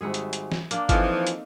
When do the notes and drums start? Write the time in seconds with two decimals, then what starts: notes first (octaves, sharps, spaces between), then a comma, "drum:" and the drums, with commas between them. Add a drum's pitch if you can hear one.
0.01 G#1 G3 G#3 G#4 E5 F#5
0.14 drum: hi-hat
0.33 drum: hi-hat
0.52 drum: snare
0.71 A#3 D4 D5, drum: hi-hat
0.89 E3 F3 C4 D#4 A4 A#4, drum: kick G1, hi-hat
1.27 drum: hi-hat